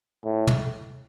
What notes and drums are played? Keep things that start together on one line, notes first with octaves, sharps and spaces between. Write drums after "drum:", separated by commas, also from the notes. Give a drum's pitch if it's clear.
A2
drum: tom